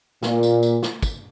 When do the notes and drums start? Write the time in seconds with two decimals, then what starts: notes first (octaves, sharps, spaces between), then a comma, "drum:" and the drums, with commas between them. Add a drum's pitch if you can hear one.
0.23 A#2, drum: snare
0.43 drum: tambourine
0.63 drum: tambourine
0.83 drum: snare
1.03 drum: kick, tambourine